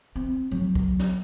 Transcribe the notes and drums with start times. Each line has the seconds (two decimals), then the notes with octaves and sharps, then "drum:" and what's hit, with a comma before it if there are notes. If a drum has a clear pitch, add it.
0.16 C4
0.51 F#3
0.75 drum: kick
0.99 drum: snare